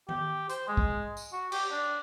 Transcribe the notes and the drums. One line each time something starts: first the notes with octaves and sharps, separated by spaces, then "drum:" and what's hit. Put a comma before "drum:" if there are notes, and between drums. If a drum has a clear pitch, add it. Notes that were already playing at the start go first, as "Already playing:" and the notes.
G4, drum: tom D#3
C5, drum: hi-hat
G#3
drum: kick
drum: tambourine
F#4
G4, drum: cymbal
D4